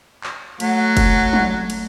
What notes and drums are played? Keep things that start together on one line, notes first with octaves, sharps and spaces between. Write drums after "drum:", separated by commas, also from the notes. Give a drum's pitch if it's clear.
drum: clap
F#3 A3 F#5, drum: cymbal
drum: kick F#1, cymbal
drum: tom F#3
drum: cymbal